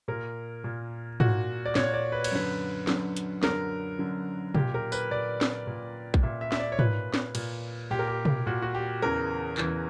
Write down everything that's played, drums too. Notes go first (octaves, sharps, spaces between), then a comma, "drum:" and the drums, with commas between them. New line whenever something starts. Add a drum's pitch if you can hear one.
A#2 A#4
A#2
A#2 F#4, drum: tom G#2
D5
A#2 C#5, drum: snare
D5
B4
C#5, drum: cymbal
F#2 D3 B4
F#2 D3, drum: snare
drum: hi-hat
F#2 D3 A#4, drum: snare
F#2 D3
A#2 G4, drum: tom
A#4
B4, drum: tambourine
A#2 D5
drum: snare
A#2
drum: kick
A#2 E5
E5
E5, drum: snare
D5
C#5
A#2 B4, drum: tom G#2
drum: snare
A#2, drum: cymbal
A#2 G4
A#4
G4
drum: tom
A#2 F#4
F#4
G4
E2 C#3 E3 A#4
E2 C#3 E3, drum: clap